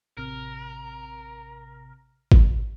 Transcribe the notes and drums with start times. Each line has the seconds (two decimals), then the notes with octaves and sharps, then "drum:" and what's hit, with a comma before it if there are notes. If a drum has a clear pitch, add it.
0.17 A1 C3 A#4 F6
2.32 drum: kick G#1